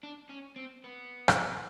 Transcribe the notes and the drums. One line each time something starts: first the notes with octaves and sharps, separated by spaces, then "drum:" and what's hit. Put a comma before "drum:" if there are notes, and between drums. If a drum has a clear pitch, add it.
D4
C#4
C4
B3
drum: rim click